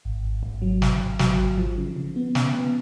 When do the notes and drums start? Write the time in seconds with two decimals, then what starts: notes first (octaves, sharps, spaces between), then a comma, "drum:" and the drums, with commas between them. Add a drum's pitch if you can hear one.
0.05 G#1
0.24 G#1
0.43 G#1
0.62 F#3
0.82 G#1, drum: snare
1.01 G#1
1.19 F#3, drum: snare
1.40 G#1
1.58 F3
1.77 C#3
1.96 C#3
2.16 B3
2.35 C#3, drum: snare
2.55 B3